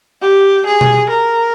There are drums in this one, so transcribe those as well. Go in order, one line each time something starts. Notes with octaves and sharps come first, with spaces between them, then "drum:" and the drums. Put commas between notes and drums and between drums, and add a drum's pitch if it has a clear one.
G4
G#4
drum: tom
A#4